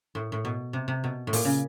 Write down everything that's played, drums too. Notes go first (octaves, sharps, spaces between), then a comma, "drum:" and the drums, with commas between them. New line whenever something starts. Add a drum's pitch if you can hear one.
A2
A2
B2
C3
C3
B2
A2
A#2, drum: open hi-hat
C#3